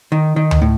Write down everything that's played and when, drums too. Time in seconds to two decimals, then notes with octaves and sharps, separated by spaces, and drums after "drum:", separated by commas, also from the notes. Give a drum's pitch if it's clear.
0.12 D#3
0.36 D#3
0.51 drum: tom D2
0.62 A2